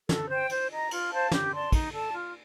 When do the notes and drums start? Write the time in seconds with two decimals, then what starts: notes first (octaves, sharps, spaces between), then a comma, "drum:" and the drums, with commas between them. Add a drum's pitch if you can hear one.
0.09 A4, drum: snare
0.29 C5 G5
0.49 C5, drum: cymbal
0.70 D#5 A#5
0.91 F4, drum: cymbal
1.10 C5 F5 A5
1.31 G4, drum: snare
1.52 D5 A5 C6
1.72 D#4, drum: kick, cymbal
1.92 A4 D5 A5
2.13 F4